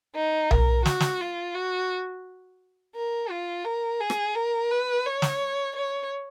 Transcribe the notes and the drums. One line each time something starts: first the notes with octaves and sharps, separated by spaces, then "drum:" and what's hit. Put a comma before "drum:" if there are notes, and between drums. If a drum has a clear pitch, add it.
D#4
A#4, drum: tom B1
F#4, drum: snare
drum: snare
F4
F#4
A#4
F4
A#4
G#4
drum: rim click
A#4
B4
C#5
drum: snare
C#5